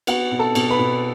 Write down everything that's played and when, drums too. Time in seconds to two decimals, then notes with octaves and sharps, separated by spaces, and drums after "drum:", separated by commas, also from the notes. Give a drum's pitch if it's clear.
0.07 B3 F#4 F#5, drum: cymbal
0.31 B2
0.39 A4 A5
0.55 B2, drum: cymbal
0.71 B4 B5
0.79 B2